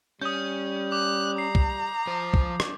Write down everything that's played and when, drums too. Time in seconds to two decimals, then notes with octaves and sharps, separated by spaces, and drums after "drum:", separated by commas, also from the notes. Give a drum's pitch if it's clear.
0.21 G3 C#4 D#6 G6
0.92 D6 F#6
1.38 A#5 C7
1.55 drum: kick
2.07 F3 C5
2.34 drum: kick
2.60 drum: rim click